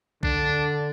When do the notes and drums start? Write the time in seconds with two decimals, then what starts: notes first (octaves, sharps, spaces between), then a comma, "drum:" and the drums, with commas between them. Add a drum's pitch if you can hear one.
0.23 D3 D4, drum: kick B1